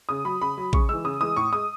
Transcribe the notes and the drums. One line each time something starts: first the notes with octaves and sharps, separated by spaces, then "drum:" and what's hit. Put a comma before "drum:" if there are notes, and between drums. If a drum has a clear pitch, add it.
C#3 D#6
F#3 B5
C#3 B5
F#3
C#3 C#6, drum: kick
E3 G#3 E6
C#3 D#6
E3 G#3 D#6
A2 C#6
G#3 D#6